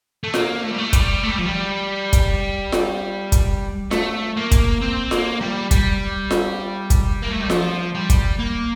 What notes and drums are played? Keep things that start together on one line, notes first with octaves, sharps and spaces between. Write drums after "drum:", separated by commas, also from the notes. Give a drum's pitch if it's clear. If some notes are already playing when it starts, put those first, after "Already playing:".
A3
A#3, drum: snare F4
A3
G3
A3
G3, drum: kick, hi-hat
A3
G3
F3
G3
drum: kick, hi-hat
drum: snare F4
drum: kick, hi-hat
A3, drum: snare F4
A#3
drum: kick, hi-hat
C4
A#3, drum: snare F4
G3
G3, drum: kick, hi-hat
drum: snare F4
drum: kick, hi-hat
A#3
A3
G3
F3, drum: snare F4
G3
drum: kick, hi-hat
A#3